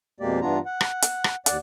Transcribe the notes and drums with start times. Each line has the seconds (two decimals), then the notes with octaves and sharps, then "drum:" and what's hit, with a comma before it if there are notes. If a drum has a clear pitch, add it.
0.20 F2 B2 G#3 A#3 G4 D5
0.41 G2 E3 B3 D4 F4 A#5
0.66 F#5
0.81 drum: rim click
1.02 drum: hi-hat
1.24 drum: rim click
1.46 D#2 D5 F#5, drum: hi-hat